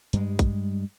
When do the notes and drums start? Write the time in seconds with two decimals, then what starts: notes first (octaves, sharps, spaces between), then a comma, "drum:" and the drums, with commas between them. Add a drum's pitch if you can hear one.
0.13 G2 G3 G#3, drum: hi-hat
0.39 drum: kick, hi-hat